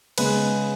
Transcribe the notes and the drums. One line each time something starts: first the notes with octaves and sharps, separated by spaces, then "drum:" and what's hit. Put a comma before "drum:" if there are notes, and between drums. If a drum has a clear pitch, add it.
C#3 G#3 B3 B4, drum: cymbal